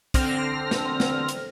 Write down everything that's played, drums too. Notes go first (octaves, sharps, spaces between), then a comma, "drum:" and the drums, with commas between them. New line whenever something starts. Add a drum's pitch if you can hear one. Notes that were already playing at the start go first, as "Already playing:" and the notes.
D3 C4 F6 A#6, drum: kick, hi-hat
drum: snare
drum: snare
drum: hi-hat